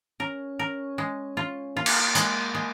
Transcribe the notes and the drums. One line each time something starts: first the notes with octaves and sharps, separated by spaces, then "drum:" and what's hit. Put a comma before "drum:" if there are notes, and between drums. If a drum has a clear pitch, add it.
C#4 A#4
A#4
G#3
F4
A#3 F4
drum: cymbal
G#3, drum: hi-hat
G#3